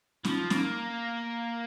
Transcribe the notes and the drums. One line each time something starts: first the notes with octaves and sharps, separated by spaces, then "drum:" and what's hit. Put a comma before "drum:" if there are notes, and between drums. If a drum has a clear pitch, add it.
F3, drum: snare C#4
A#3, drum: snare C#4